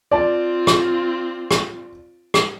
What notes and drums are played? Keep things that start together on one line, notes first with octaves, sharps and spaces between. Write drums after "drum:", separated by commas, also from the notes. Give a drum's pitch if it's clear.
C4 F4 D5 A5
drum: rim click
drum: rim click
drum: rim click